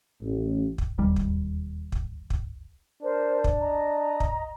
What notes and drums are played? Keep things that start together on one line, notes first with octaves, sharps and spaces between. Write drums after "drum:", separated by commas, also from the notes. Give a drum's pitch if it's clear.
A1
drum: kick
E1 D#2 G3
drum: kick
drum: kick
drum: kick
D4 A#4 C5
drum: kick
D#5 A#5
drum: kick